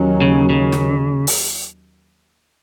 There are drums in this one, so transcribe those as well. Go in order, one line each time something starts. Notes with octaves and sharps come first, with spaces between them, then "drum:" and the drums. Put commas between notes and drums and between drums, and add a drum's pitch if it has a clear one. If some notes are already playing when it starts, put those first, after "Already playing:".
Already playing: D#2 D#3 F#3 C#4
C#3
C#3
drum: snare
drum: open hi-hat